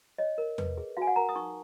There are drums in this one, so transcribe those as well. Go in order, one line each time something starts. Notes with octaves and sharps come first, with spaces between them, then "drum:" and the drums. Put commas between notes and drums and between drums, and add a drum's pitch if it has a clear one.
C#5 D#5
A#4
B4, drum: tom E2
G#4
F#4 F5 G#5
F#5
A#4 A#5
D#6
D#4 C#6